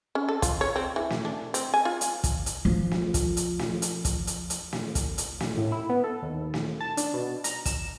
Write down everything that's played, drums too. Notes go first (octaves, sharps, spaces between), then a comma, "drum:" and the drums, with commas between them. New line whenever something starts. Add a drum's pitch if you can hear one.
C#4
A4
F4, drum: kick, hi-hat
C#5
C4
E3
drum: snare
D4
C4, drum: hi-hat
G#5
F4
drum: hi-hat
drum: kick, hi-hat
drum: hi-hat
F3 F4
drum: snare
drum: kick, hi-hat
drum: hi-hat
drum: snare
drum: hi-hat
drum: kick, hi-hat
drum: hi-hat
drum: hi-hat
drum: snare
drum: kick, hi-hat
drum: hi-hat
drum: snare
A2
E4
B3
A4
D#2
drum: snare
A5
D4, drum: hi-hat
B2
A#5, drum: hi-hat
E7, drum: kick, hi-hat